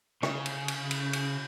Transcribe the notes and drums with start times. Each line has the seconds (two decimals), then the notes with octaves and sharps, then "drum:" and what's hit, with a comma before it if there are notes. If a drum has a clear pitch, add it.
0.23 C#3, drum: rim click
0.46 drum: cymbal
0.68 drum: cymbal
0.91 drum: cymbal
1.13 drum: cymbal